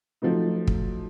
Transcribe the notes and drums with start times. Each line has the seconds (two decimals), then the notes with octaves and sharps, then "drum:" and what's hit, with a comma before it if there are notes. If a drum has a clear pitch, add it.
0.22 F3 F#3 A3 D#4
0.67 drum: kick